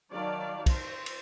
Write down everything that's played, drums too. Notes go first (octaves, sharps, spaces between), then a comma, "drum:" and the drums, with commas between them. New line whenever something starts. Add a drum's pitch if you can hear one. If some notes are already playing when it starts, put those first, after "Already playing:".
D#3 F#3 D5 F5 A5
C5, drum: kick, cymbal
drum: cymbal